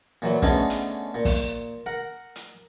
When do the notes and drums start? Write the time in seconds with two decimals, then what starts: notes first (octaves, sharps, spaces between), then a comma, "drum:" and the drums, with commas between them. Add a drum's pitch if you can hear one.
0.22 A#2 E3 F#3
0.42 D3 A3 B3 C#4 D#4 G#4, drum: kick
0.70 drum: hi-hat
1.15 A#2
1.25 drum: kick, open hi-hat
1.86 A#4 F#5
2.36 drum: hi-hat